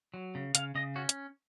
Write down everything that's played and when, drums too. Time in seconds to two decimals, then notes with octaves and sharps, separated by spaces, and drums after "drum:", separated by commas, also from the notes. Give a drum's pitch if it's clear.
0.14 F#3
0.35 C#3
0.55 C#3 F5, drum: hi-hat
0.75 C#3 D#5
0.96 C#4 F#4
1.09 drum: hi-hat